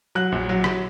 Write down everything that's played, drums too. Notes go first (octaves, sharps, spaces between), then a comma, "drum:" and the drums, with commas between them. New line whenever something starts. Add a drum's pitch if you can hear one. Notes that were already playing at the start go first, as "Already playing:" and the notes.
F#3 F#6
A#1
F#3
drum: rim click